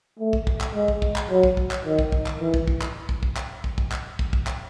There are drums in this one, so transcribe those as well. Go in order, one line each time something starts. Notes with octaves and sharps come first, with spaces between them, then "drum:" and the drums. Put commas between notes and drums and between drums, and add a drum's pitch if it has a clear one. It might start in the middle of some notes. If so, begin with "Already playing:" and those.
A3
drum: kick
drum: kick
drum: clap
G#3
drum: kick
drum: kick
drum: clap
F#3
drum: kick
drum: kick
drum: clap
D#3
drum: kick
drum: kick
drum: clap
E3
drum: kick
drum: kick
drum: clap
drum: kick
drum: kick
drum: clap
drum: kick
drum: kick
drum: clap
drum: kick
drum: kick
drum: clap